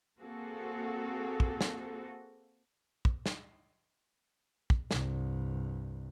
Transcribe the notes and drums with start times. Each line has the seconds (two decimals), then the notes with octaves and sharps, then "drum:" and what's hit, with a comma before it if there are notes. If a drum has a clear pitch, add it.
0.18 A#3 C4 F#4 G#4 A4
1.40 drum: kick
1.61 drum: snare
3.05 drum: kick
3.26 drum: snare
4.70 drum: kick
4.91 C2 G2, drum: snare